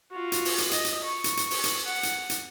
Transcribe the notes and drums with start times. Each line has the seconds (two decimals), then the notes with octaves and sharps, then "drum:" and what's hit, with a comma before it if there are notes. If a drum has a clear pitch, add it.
0.11 F4 F#4
0.32 drum: hi-hat
0.45 drum: open hi-hat
0.58 drum: hi-hat
0.71 D#5, drum: hi-hat
0.85 drum: hi-hat
1.04 C#6
1.24 drum: hi-hat
1.37 drum: hi-hat
1.50 drum: open hi-hat
1.64 drum: hi-hat
1.86 F#5
2.03 drum: hi-hat
2.30 drum: hi-hat